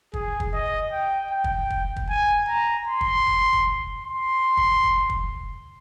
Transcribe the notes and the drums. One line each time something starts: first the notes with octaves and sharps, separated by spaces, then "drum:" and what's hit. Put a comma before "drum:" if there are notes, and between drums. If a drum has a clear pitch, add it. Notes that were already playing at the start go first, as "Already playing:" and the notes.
G#4, drum: kick
drum: kick
D#5
G5
G5
drum: kick
drum: kick
drum: kick
G#5
A#5
C6
drum: kick
drum: kick
drum: kick
C6
drum: kick
drum: kick
drum: kick